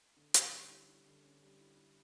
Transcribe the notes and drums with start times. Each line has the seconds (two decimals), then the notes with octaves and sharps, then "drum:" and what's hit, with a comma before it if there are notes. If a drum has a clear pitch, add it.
0.17 D3
0.34 C#4, drum: hi-hat
0.52 G3
0.70 E4
0.88 E4
1.06 D3
1.24 C#4
1.42 G3
1.60 E4
1.77 E4